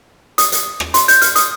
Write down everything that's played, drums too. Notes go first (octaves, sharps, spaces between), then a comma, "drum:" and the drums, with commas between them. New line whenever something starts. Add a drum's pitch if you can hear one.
D#6, drum: hi-hat
drum: hi-hat
drum: rim click
C6, drum: hi-hat
G6, drum: hi-hat
F6, drum: hi-hat
D#6, drum: hi-hat